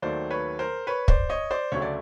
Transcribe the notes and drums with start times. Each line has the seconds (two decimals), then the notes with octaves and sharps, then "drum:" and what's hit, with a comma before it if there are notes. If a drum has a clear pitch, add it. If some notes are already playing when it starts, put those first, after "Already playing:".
0.02 D#2 D#3 F#3 A3 C5 D5
0.30 B4 C#5
0.59 A#4 C5
0.87 B4 C#5
1.08 C5 D5, drum: kick
1.29 C#5 D#5
1.51 C5 D5
1.72 D2 C#3 F#3 A3 C#5
1.82 D5